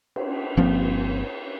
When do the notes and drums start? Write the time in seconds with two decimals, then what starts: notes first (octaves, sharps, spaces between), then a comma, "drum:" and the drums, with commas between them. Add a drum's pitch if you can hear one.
0.16 drum: cymbal
0.57 G1 F3 A#3 C4